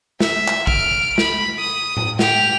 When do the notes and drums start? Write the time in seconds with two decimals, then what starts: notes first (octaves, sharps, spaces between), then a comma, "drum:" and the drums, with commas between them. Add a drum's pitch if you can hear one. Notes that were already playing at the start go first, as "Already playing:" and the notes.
0.20 E5, drum: snare
0.48 drum: clap
0.67 F6 D7, drum: kick
1.18 B5, drum: snare
1.59 D#6
1.97 drum: tom A2
2.19 G4 F7, drum: snare